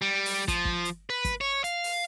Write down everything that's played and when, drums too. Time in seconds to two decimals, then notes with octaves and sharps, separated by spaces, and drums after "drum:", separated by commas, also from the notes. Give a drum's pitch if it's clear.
0.02 G3
0.26 drum: open hi-hat
0.48 F3, drum: kick, hi-hat
0.65 drum: kick
0.85 drum: hi-hat
1.10 B4
1.25 drum: kick, hi-hat
1.41 C#5
1.64 F5, drum: hi-hat
1.84 drum: open hi-hat